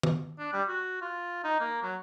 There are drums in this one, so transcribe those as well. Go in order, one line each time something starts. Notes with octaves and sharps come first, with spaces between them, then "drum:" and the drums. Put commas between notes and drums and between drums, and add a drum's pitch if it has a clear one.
drum: tom
D4
G3
F#4
F4
D#4
A#3
F#3